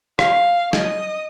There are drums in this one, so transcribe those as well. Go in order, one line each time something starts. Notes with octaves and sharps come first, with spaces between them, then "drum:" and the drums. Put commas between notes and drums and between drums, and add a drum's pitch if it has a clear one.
F5, drum: rim click
D#5 D#6, drum: snare